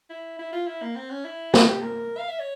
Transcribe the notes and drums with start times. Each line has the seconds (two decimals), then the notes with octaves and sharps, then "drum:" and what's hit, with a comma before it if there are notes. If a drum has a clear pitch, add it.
0.10 E4
0.39 E4
0.53 F4
0.67 E4
0.82 A#3
0.96 C4
1.10 C#4
1.25 E4
1.54 F4, drum: snare
1.68 G4
1.82 A#4
2.18 F5
2.29 E5
2.40 C#5